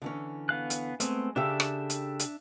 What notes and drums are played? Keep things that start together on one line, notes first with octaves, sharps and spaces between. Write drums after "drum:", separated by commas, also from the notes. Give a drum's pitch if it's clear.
D3 E3 C#4
B3 F5 F#6
drum: hi-hat
G#3 A3 B3 C4, drum: hi-hat
C#3 D4 G4 A4 E5 E6
drum: rim click
drum: hi-hat
drum: hi-hat